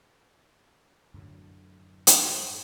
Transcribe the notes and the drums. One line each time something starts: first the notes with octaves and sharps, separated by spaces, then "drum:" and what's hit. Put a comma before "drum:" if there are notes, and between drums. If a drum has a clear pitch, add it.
F#2 A2 D3 F#3
drum: hi-hat